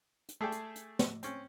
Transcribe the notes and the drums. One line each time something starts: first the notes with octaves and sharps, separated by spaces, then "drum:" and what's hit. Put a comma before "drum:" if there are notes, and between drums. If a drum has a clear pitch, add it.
drum: hi-hat
A3 G#4 A4 D5 G5
drum: hi-hat
drum: hi-hat
drum: snare
C4 C#4, drum: hi-hat